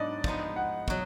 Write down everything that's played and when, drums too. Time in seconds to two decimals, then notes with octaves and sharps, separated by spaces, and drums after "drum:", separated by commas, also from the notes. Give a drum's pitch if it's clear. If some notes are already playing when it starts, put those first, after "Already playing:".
Already playing: G#2 F#3 B3 D4 D5 D#5
0.24 F3 G#3 B3 D#4, drum: kick
0.56 F#5
0.88 B2 F#3, drum: kick